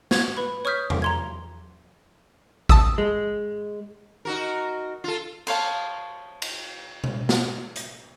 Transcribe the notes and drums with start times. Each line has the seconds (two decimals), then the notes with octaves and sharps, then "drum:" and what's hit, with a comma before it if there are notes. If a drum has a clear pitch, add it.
0.11 C#6 G#6, drum: snare
0.37 B4 B5
0.65 C#5 C#6 D#6 F6 G6 B6
0.90 drum: tom
1.02 A#5 C6 G#6
2.69 A5 D#6 E6, drum: kick G#1
2.98 G#3
4.25 D#4 F#4 A#4
5.04 F4 A4
5.47 C5 C#5 F5 A5, drum: cymbal
6.42 drum: cymbal
7.04 drum: tom B2
7.29 drum: snare
7.76 drum: hi-hat